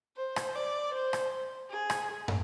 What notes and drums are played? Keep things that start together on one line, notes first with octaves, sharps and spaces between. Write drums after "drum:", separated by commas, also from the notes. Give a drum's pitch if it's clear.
C5
drum: rim click
D5
C5
drum: rim click
G#4
drum: rim click
drum: tom